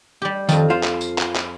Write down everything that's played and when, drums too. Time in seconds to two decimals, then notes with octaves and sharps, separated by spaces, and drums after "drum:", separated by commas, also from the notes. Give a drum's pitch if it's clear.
0.22 G3 G4
0.49 F2 D#3 F3, drum: tambourine
0.70 F4 C5 F5
0.83 drum: clap
1.01 drum: tambourine
1.18 drum: clap
1.36 drum: clap